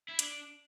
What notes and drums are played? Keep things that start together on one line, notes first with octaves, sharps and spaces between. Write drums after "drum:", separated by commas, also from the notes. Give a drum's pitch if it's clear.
E4
D4, drum: hi-hat